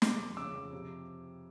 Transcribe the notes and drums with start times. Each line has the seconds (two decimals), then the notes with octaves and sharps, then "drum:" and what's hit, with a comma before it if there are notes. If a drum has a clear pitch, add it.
0.02 C3 C6 D6, drum: snare
0.19 F2
0.37 C#3 D6 E6
0.55 F2
0.73 C3